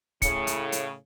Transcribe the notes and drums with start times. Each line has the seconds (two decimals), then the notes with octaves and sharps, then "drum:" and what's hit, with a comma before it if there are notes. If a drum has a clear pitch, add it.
0.22 A2 C#3 C#7, drum: kick, hi-hat
0.47 drum: hi-hat
0.72 drum: hi-hat